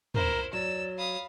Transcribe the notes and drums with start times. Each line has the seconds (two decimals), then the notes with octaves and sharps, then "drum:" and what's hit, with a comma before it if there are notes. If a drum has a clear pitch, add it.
0.14 E4 A#4 C5, drum: tom
0.53 F#3 D5 E6
0.98 F5 B5 D#6